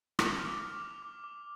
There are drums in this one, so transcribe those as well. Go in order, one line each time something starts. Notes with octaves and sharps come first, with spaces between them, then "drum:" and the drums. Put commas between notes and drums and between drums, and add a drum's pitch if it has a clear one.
D6 F7, drum: rim click
F6
D6
F6
D6
D6